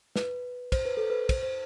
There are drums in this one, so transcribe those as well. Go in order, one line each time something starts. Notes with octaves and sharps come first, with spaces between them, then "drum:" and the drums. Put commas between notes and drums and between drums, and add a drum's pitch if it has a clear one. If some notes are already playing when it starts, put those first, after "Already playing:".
B4, drum: snare
C5, drum: kick, cymbal
B4
A4
B4
C5, drum: kick, cymbal
C5